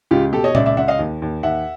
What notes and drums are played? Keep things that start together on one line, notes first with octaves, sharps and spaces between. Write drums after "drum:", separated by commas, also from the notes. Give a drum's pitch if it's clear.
C#2 F4 G4
B2 G4 A4
C#5 D#5
C#2 D5 E5, drum: tom A#2
D5 E5
C#2 E5 F#5
D#5 F5
D#2
D#2
D#2 E5 F#5